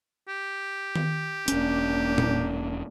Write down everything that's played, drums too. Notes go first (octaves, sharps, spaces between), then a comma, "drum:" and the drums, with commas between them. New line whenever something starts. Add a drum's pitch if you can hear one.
G4
drum: tom D#3
E1 A#3 C#4 D4, drum: hi-hat
drum: tom A#2